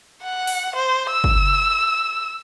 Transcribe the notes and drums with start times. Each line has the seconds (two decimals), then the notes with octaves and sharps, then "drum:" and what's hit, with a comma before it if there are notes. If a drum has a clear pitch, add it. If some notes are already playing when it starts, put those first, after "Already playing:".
0.22 F#5
0.47 drum: open hi-hat
0.75 C5
1.11 E6
1.24 drum: kick